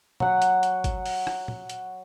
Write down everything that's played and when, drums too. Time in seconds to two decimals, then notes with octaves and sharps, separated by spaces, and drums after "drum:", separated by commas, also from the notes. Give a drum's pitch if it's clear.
0.20 F#3 F#5, drum: tom
0.42 drum: hi-hat
0.63 drum: hi-hat
0.84 drum: kick, hi-hat
1.06 drum: open hi-hat
1.27 drum: rim click
1.48 drum: tom
1.69 drum: hi-hat